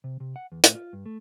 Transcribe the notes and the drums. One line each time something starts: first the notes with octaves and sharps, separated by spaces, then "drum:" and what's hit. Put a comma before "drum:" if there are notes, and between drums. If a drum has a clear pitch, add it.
C3
C3
F#5
E2
A2, drum: hi-hat
F4
G2
A3